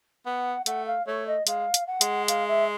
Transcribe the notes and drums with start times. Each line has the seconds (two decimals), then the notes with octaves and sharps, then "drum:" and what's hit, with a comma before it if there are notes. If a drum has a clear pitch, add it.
0.26 B3 F#5
0.66 A3 F#5, drum: hi-hat
0.87 F5
1.06 A3 C#5
1.27 D#5
1.47 G#3 F5, drum: hi-hat
1.74 drum: hi-hat
1.87 F#5
2.01 G#3, drum: hi-hat
2.28 F5, drum: hi-hat
2.48 E5